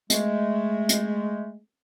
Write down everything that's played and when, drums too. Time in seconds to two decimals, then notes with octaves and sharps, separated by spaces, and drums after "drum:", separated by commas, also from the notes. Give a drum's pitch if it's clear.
0.10 G#3 A3, drum: hi-hat
0.89 drum: hi-hat